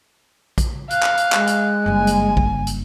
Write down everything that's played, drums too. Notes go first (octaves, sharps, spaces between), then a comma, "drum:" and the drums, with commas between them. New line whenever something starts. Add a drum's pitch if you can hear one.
drum: kick A#1, hi-hat
F5 F#6, drum: hi-hat
drum: clap
drum: hi-hat
G#3, drum: clap
drum: hi-hat
F#1 G2 G#5
drum: hi-hat
drum: kick A#1
drum: hi-hat